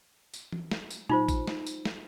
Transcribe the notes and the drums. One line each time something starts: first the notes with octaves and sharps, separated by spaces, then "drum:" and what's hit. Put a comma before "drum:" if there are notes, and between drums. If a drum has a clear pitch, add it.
drum: tambourine
drum: tom E3
drum: snare
drum: tambourine
D#4 F4 C5, drum: tom A#2
drum: kick A1, tambourine
drum: snare
drum: tambourine
drum: snare